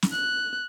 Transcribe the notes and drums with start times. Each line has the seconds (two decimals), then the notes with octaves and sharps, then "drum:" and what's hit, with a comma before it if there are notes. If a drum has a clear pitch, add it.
0.02 drum: snare
0.12 F#6